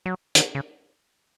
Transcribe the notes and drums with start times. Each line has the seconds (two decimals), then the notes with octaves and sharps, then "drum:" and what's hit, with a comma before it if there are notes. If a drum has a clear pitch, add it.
0.06 F#3
0.35 D#3, drum: hi-hat
0.55 C#3